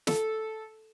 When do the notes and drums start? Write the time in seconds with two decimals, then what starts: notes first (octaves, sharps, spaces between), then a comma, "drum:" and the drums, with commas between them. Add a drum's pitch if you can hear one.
0.07 A4, drum: snare